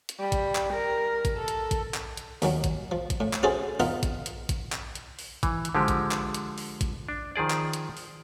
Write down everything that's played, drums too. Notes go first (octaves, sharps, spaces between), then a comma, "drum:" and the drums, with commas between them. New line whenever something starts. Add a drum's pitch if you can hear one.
drum: hi-hat
G3
drum: kick A1, hi-hat
drum: clap
A#4
drum: kick A1, hi-hat
A4
drum: hi-hat
drum: kick A1, hi-hat
drum: clap
drum: hi-hat
D#2 D#3 F#3, drum: open hi-hat
drum: kick A1, hi-hat
F3
drum: kick A1, hi-hat
A2
drum: clap
C#4 E4 F#4 G#4 A4 C5
B3 D#4 F4 A#4 F#5, drum: open hi-hat
drum: kick A1, hi-hat
drum: hi-hat
drum: kick A1, hi-hat
drum: clap
drum: hi-hat
drum: open hi-hat
E3, drum: kick A1, hi-hat
drum: hi-hat
D3 F3 G#3 G4
drum: kick A1, hi-hat
drum: clap
drum: hi-hat
drum: open hi-hat
drum: kick A1, hi-hat
D4
D#3 F3 G#4 D5
drum: clap
drum: hi-hat
drum: open hi-hat